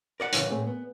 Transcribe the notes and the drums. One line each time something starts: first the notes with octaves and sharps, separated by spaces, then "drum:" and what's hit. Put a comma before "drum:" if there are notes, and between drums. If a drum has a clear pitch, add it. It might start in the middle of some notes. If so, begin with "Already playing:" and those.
A#4 D5 F#5
C#3 E3 G3, drum: hi-hat
A2 C4 G#4
B3